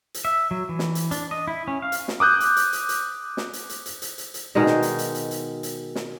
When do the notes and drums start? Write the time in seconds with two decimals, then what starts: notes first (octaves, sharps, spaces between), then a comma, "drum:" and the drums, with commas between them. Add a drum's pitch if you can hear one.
0.14 drum: hi-hat
0.25 E5
0.51 F#3
0.69 E3
0.79 drum: snare
0.95 drum: hi-hat
1.11 D4, drum: hi-hat
1.31 D#5
1.47 E4
1.68 C#4
1.82 F5
1.92 drum: hi-hat
2.08 drum: snare
2.20 D6 D#6 F#6 G6
2.40 drum: hi-hat
2.57 drum: hi-hat
2.73 drum: hi-hat
2.89 drum: hi-hat
3.37 drum: snare
3.53 drum: hi-hat
3.69 drum: hi-hat
3.86 drum: hi-hat
4.02 drum: hi-hat
4.18 drum: hi-hat
4.34 drum: hi-hat
4.55 B2 D#3 G#3 D#4
4.66 drum: snare
4.82 drum: hi-hat
4.99 drum: hi-hat
5.15 drum: hi-hat
5.31 drum: hi-hat
5.63 drum: hi-hat
5.95 drum: snare